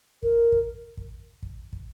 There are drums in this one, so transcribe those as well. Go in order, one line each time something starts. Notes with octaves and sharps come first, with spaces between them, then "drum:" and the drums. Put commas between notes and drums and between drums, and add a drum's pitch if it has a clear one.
A#4, drum: kick
drum: kick
drum: kick
drum: kick
drum: kick